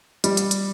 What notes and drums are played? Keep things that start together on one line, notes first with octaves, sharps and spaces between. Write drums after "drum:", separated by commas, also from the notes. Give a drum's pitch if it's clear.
G3, drum: hi-hat
drum: hi-hat
drum: hi-hat